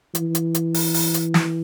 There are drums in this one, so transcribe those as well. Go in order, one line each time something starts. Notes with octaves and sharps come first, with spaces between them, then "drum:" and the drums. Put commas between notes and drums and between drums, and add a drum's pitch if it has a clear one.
E3, drum: hi-hat
drum: hi-hat
drum: hi-hat
drum: open hi-hat
drum: open hi-hat
drum: hi-hat
drum: snare